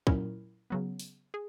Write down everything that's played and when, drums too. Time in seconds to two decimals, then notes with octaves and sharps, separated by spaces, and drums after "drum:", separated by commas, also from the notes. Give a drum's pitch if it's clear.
0.07 A#2 F#3 C#4 E4 A#4, drum: kick
0.70 C#3 F#3 B3
0.99 drum: open hi-hat
1.34 G#4